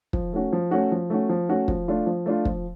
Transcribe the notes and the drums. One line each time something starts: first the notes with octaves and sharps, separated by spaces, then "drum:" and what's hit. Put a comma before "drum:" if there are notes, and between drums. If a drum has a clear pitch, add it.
F3, drum: kick
A3 C#4 F#4
F3
A3 C#4 F#4
F3
A3 C#4 F#4
F3
A3 C#4 F#4
F3, drum: kick
A3 D4 F4
F3
A3 D4 F4
F3, drum: kick